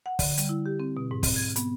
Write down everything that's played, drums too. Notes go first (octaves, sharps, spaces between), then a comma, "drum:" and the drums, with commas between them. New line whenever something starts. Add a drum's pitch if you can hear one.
F#5
D3, drum: kick, open hi-hat
G3, drum: hi-hat
E4
G4
C4
B2
G#2
C4, drum: kick, open hi-hat
G#6
B3, drum: hi-hat